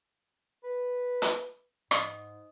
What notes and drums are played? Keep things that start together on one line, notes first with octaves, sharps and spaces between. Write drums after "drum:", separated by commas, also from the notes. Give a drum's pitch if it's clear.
B4
drum: hi-hat
G#2 D#5 D#6, drum: rim click